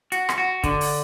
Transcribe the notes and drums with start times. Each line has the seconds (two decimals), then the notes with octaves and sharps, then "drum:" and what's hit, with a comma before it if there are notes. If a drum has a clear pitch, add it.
0.12 F#4, drum: hi-hat
0.29 drum: rim click
0.38 F#4
0.64 D3, drum: kick, hi-hat
0.81 drum: open hi-hat